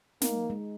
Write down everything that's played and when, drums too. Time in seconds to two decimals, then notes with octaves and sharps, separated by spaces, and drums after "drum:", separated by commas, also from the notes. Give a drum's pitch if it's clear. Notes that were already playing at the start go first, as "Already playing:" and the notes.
0.21 A#3 D#4, drum: snare
0.50 G#3